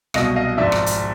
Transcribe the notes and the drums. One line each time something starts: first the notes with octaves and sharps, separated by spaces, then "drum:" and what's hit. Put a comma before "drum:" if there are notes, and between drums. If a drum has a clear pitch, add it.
C2 B2 F#3 D#5 F5, drum: rim click
D#5 F5
G#1 G#2 F3 D5 E5
drum: rim click
drum: hi-hat